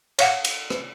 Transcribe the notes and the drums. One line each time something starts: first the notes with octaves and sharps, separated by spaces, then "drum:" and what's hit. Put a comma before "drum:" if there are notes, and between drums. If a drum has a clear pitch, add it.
C#5 F5 F#5, drum: cymbal
drum: cymbal
drum: rim click